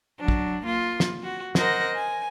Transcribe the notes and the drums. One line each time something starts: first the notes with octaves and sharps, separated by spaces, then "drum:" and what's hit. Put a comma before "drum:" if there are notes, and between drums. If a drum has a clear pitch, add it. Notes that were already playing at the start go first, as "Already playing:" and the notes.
F#3 D4
drum: kick
A#3 F4
drum: snare
F#4
A#4 C5 D#5 F#5, drum: snare
G#5